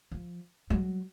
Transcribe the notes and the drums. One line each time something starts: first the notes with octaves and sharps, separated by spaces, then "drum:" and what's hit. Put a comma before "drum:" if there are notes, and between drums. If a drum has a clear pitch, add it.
F3
F#3, drum: tom G3